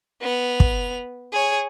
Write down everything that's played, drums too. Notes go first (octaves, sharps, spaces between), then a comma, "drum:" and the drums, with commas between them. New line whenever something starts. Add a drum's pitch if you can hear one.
B3 F7
drum: kick
G#4 C#5